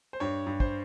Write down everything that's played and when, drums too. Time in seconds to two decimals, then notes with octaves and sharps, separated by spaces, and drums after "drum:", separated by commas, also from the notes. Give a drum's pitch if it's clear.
0.13 C5
0.20 G2 C#5
0.46 G2
0.60 C5, drum: kick